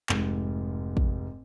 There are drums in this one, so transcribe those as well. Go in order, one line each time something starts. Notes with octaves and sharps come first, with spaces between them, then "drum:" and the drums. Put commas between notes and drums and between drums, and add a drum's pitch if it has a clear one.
F1 G#2, drum: clap
drum: kick